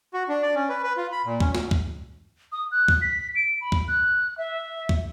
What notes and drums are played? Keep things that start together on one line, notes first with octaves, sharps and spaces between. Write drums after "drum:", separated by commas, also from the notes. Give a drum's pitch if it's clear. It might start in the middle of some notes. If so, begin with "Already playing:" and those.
F#4
D4
D5
C#4
B4
B4
F4
B5
A#2
C#4, drum: kick
drum: snare
drum: kick
D#6
F#6
drum: kick
B6
D7
B5
drum: kick
F#6
E5
drum: kick